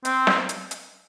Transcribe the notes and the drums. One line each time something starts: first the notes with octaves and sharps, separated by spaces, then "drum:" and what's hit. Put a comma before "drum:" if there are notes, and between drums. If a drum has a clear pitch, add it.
C4, drum: hi-hat
drum: snare
drum: hi-hat
drum: hi-hat